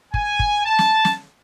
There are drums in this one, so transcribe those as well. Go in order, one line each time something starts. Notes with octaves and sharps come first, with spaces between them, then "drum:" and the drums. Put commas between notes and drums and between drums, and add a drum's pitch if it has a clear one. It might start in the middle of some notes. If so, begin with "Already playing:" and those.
G#5, drum: kick
drum: kick
A5
drum: snare
drum: snare